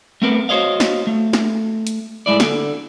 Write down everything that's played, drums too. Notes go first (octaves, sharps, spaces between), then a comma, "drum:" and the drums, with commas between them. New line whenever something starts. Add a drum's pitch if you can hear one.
A3 B3 C4 A#4 B4
F#4 C5 C#5 D#5 F5
drum: snare
A3
drum: snare
drum: hi-hat
A2 G#3 E4 D5
D3, drum: snare